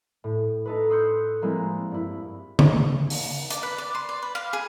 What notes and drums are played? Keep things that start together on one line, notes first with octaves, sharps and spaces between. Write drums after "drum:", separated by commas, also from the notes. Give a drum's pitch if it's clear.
A2
D#4 A4 B4
C6 D#6 E6 F#6 G6 C#7
F3 G3 G#3 A#3 C4 E4
G2 E4
drum: tom C#3
drum: open hi-hat
D5, drum: hi-hat
B4
D5
C6
D5
B4
F5
G#4